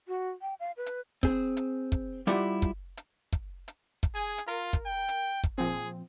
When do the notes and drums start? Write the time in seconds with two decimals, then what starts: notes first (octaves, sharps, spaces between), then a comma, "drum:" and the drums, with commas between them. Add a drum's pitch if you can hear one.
0.08 F#4
0.41 G5
0.60 F5
0.77 B4
0.86 drum: hi-hat
1.23 C4 G#4, drum: kick, hi-hat
1.57 drum: hi-hat
1.92 drum: kick, hi-hat
2.27 G3 E4 F4 G4 E5 F#5, drum: hi-hat
2.62 drum: kick, hi-hat
2.97 drum: hi-hat
3.33 drum: kick, hi-hat
3.68 drum: hi-hat
4.03 drum: kick, hi-hat
4.15 G#4 G#5
4.38 drum: hi-hat
4.47 F4 A#4
4.73 drum: kick, hi-hat
4.86 G5
5.08 drum: hi-hat
5.44 drum: kick, hi-hat
5.58 A#2 F3 C4 G#4